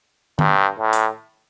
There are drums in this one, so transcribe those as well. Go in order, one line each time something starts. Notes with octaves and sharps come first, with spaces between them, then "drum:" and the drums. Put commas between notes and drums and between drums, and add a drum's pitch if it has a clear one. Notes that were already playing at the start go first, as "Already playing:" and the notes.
G2, drum: tom D#3
A2
drum: hi-hat